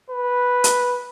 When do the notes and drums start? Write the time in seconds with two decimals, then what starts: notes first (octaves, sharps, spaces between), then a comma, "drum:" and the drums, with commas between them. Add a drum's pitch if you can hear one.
0.10 B4
0.64 drum: hi-hat